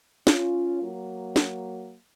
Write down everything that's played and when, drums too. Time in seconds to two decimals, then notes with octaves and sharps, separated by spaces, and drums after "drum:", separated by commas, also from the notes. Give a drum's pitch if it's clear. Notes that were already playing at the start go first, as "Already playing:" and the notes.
0.27 C#4 F4, drum: snare
0.81 F#3 A#3
1.36 drum: snare